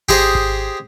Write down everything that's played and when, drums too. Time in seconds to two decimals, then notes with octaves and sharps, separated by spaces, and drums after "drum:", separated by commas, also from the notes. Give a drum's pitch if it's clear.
0.09 G4 G#4 C5 D#5, drum: kick G#1
0.35 drum: kick G#1